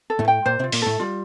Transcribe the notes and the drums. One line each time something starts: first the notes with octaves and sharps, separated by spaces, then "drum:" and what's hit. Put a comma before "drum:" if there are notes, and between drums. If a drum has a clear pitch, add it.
A4
A2 A3
G5
A#2 A#3 C5
C3 C4 F4
A#2 A#3, drum: open hi-hat
A2 A3 A4
G3 F4